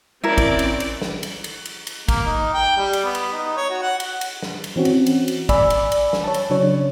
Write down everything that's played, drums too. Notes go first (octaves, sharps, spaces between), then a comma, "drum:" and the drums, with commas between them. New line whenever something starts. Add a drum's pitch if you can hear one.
C4 C#4 E4 A#4 D5
drum: kick, cymbal
drum: cymbal
drum: cymbal
drum: snare
drum: cymbal
drum: cymbal
drum: cymbal
drum: cymbal
A#3, drum: kick, cymbal
D#4
G5
G3
drum: cymbal
B3
drum: cymbal
D#4
C#5
F#4
F#5
drum: cymbal
drum: cymbal
drum: snare
drum: cymbal
E3 C4 C#4 F#4
drum: cymbal
drum: cymbal
drum: cymbal
D5 G#5 B5 E6, drum: kick, cymbal
drum: cymbal
drum: cymbal
drum: snare
C#5 A5
drum: cymbal
C#3 F#3 D4 C#5